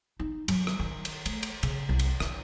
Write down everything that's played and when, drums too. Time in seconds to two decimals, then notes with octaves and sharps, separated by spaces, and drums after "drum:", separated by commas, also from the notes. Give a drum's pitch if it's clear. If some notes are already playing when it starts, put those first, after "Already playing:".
0.19 D#4
0.48 F#3, drum: cymbal
0.67 drum: rim click
0.79 D#3
1.05 drum: cymbal
1.26 A3, drum: cymbal
1.43 drum: cymbal
1.63 C#3, drum: cymbal
1.89 C2
1.99 drum: cymbal
2.20 D4, drum: rim click